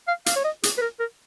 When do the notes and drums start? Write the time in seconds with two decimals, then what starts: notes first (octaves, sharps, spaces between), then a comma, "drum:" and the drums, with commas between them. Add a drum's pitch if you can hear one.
0.08 F5
0.26 F5, drum: hi-hat
0.36 C#5
0.44 D#5
0.63 G#4, drum: hi-hat
0.77 B4
0.81 A#4
0.99 A#4